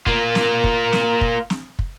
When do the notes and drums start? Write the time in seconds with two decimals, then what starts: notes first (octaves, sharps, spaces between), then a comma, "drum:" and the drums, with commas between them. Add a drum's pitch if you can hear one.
0.06 A#3 F4, drum: kick
0.35 drum: snare
0.64 drum: kick
0.93 drum: snare
1.21 drum: kick
1.50 drum: snare
1.79 drum: kick